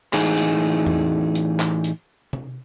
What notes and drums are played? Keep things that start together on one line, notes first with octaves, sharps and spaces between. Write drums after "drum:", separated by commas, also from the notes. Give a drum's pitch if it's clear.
A2 E3 D#4 G#4, drum: clap
drum: hi-hat
drum: tom E2
drum: hi-hat
drum: clap
drum: hi-hat
drum: tom C3